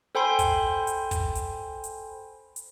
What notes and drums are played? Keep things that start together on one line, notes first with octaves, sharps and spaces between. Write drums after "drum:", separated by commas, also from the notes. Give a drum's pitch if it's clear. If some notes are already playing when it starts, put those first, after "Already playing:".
A4 C5 G5 G#5 B5 C6
drum: kick, hi-hat
drum: hi-hat
drum: kick, hi-hat
drum: hi-hat
drum: hi-hat
drum: hi-hat